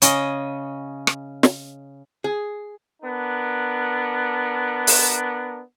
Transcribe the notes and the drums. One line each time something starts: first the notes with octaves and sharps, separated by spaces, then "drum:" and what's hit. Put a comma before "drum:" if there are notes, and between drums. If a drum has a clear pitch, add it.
C#3 C#4 D#5, drum: hi-hat
drum: rim click
drum: snare
G#4
B3 D4 A#4
drum: open hi-hat